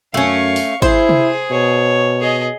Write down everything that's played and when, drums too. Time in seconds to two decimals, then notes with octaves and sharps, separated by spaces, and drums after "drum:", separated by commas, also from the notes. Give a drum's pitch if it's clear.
0.14 F#2 A3 C#4 F5 C#6
0.56 drum: open hi-hat
0.82 E4 G#4 C5, drum: kick G#1
1.09 drum: tom C3
1.51 B2 C#5
2.20 G#4 D#5